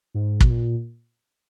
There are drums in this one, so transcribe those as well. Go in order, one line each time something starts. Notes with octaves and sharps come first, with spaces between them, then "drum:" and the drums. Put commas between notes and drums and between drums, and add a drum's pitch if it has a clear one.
G#2
B2, drum: kick
A#2